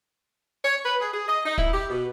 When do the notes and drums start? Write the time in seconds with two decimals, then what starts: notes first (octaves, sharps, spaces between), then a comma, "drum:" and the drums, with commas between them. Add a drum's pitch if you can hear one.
0.63 C#5
0.84 B4
1.00 G#4
1.13 G#4
1.28 D#5
1.45 D#4
1.58 E4, drum: kick
1.74 G4
1.90 B2